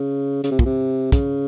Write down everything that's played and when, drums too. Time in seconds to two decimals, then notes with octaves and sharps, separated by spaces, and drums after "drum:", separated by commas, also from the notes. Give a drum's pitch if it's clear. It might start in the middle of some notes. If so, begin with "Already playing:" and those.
Already playing: C#3
0.44 C#3, drum: hi-hat
0.51 C3
0.59 A#2, drum: kick
0.65 C3
1.12 C#3, drum: kick, hi-hat